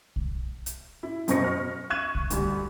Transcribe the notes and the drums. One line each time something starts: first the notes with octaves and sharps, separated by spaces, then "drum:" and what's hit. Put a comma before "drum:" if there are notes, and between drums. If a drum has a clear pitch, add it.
drum: kick
drum: hi-hat
E4
F#2 B2 C5 C#6 A#6 C#7, drum: hi-hat
F6
C#6 F#6 G#6 D#7 E7
drum: kick
D2 G2, drum: hi-hat